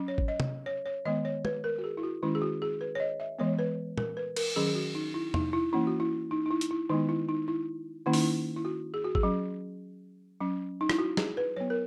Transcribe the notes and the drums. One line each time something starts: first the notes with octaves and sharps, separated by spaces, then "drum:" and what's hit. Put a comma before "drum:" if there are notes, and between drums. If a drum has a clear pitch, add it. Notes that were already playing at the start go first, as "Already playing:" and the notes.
Already playing: F#3 C#4
C#5
drum: kick G#1
D#5
drum: tom
C#5
C#5
D#3 G#3 B3 D#5
C#5
B4, drum: tom
A#4
F#4
G#4
E4
F#4
D#3 G#3 C#4 E4
G#4
F#4
G#4
B4
C#5
D#5
E5
E3 G#3 B3 C#5
B4
A#4, drum: tom
B4
A#4, drum: cymbal
D#3 F#3 C#4 G#4
G#4
F#4
D#4
E4
D#4, drum: tom E2
E4
E3 A#3 C#4 E4
F#4
E4
D#4
D#4
E4
drum: hi-hat
E4
D#3 G#3 B3 D#4
E4
D#4
E4
D#3 A#3 C#4 E4
D#4, drum: open hi-hat
E4
E4
F#4
G#4
F#4
G#4, drum: kick G#1
F#3 C#4
F#3 C#4
D#4
E4, drum: rim click
F#4
G#4, drum: snare
B4
F#3 B3 C#5
A#4